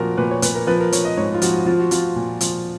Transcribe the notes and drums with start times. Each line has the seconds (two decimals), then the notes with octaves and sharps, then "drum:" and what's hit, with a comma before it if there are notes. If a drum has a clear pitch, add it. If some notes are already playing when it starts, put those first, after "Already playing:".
Already playing: A#2 F3 F#4 A#4
0.18 A#2 B4
0.31 C#5
0.42 A#2 B4, drum: hi-hat
0.55 A#4
0.67 F3 B4
0.81 A#4
0.92 F3 C#5, drum: hi-hat
1.05 D#5
1.17 G#2 C#5
1.34 F4
1.42 F3 F#4, drum: hi-hat
1.66 F3 F4
1.79 F#4
1.91 F3 F4, drum: hi-hat
2.16 A#2
2.41 F3, drum: hi-hat